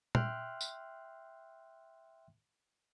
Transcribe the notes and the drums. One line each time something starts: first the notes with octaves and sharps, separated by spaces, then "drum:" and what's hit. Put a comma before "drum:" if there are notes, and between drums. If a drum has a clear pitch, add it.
E5 G5 C6 F6 F#6, drum: tom
drum: tambourine